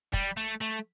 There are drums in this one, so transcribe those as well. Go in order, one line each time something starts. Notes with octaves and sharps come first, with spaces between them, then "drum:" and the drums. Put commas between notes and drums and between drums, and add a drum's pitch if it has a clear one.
G3, drum: kick, hi-hat
A3
A3, drum: hi-hat